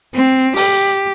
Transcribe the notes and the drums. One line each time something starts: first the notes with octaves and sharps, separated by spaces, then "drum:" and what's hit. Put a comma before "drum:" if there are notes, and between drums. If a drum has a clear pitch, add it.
C4
G4, drum: open hi-hat